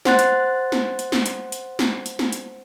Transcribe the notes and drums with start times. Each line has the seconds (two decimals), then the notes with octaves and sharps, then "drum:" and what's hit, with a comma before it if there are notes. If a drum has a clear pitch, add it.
0.05 C5 F#5 C6 F#6 A6, drum: snare
0.19 drum: hi-hat
0.72 drum: snare
0.99 drum: hi-hat
1.12 drum: snare
1.26 drum: hi-hat
1.52 drum: hi-hat
1.79 drum: snare
2.06 drum: hi-hat
2.19 drum: snare
2.32 drum: hi-hat